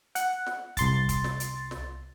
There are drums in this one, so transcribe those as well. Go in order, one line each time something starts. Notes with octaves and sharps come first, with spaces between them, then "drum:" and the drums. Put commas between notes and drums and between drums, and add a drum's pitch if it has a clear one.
F#5, drum: hi-hat
drum: snare
C2 C6 A6, drum: kick, hi-hat
drum: kick, hi-hat
drum: snare
drum: hi-hat
drum: snare